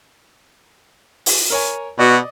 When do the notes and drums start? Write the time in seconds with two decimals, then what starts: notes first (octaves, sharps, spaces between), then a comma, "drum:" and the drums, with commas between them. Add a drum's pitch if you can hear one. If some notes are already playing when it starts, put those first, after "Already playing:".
1.26 drum: open hi-hat
1.50 A#4 C#5 G#5
1.99 B2 F#4 D5 D#5